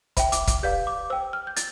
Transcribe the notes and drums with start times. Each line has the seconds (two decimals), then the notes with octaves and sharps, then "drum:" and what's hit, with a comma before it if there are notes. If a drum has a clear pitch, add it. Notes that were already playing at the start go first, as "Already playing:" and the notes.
0.17 C5 E5 G5 B5, drum: kick, hi-hat
0.32 D6, drum: hi-hat
0.47 drum: kick, hi-hat
0.63 G4 B4 D5 F5 G6
0.87 D6
1.10 C5 G5 E6
1.33 F6
1.47 G6
1.56 A6, drum: hi-hat